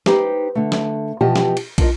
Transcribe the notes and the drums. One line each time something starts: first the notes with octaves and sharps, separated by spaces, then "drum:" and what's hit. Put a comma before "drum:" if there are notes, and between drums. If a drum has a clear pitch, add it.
D#4 G4 B4 C5, drum: snare
D3 A3
drum: snare
B2 E3 F3 G4 D#5 A5
drum: snare
drum: cymbal
D4 F4 A#4 D#5, drum: kick, cymbal